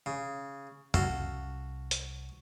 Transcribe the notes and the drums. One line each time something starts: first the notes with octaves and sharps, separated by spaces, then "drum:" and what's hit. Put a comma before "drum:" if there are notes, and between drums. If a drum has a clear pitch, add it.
C#3
C2 C#4 F#4 A4 F5, drum: tom F2
drum: hi-hat